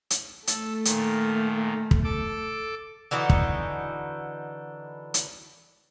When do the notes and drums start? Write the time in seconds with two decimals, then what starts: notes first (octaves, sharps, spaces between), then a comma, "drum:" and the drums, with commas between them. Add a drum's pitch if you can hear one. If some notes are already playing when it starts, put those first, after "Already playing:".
0.10 drum: hi-hat
0.47 A3 A4, drum: hi-hat
0.85 A#2 D#3, drum: hi-hat
1.91 drum: kick
2.04 A4 D6
3.11 D3 E3 D#4 F#4
3.30 drum: kick
5.14 drum: hi-hat